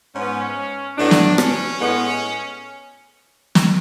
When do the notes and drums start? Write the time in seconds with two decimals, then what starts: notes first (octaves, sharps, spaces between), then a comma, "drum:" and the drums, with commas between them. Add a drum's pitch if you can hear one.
0.15 G#2 G#3 B3 C#4
0.98 A2 F#3 B3 D4
1.11 drum: snare
1.38 C#4, drum: rim click
1.80 A2 G#3 B3
3.55 drum: snare